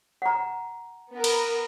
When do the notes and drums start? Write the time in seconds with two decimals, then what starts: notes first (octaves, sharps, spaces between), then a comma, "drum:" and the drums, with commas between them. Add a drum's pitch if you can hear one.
0.22 F#5 A#5
1.12 B3 A#4
1.24 drum: cymbal